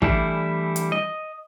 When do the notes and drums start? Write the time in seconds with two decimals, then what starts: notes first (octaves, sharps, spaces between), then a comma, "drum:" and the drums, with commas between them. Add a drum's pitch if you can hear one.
0.02 E3 G3 A3 D4 E4, drum: kick
0.76 drum: hi-hat
0.92 D#5